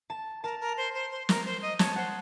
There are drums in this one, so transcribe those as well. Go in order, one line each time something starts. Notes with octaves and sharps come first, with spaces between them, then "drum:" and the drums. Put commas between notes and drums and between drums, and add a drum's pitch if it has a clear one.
A5
A#4 A5
A#4
C5
C5
C5
A#4, drum: snare
C5
D#5
C#5 A5, drum: snare
C5 F#5